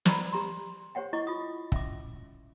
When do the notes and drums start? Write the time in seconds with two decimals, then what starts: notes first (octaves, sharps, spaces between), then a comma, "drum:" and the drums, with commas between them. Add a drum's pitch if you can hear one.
0.05 C5 D5 A#5 B5, drum: snare
0.32 G4 A#5 C6
0.95 G4 C5 C#5 F#5 G5
1.13 E4 D#5 C#6 D6
1.27 F4 D#6
1.72 C#4 E5 D6, drum: kick